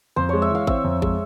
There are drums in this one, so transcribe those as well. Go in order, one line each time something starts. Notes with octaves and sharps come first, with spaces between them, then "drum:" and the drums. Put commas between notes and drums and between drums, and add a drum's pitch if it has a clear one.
F2 C5
G#3 C#5
E5
E3 F5
C4 E5, drum: kick G#1
F2
G#3, drum: kick G#1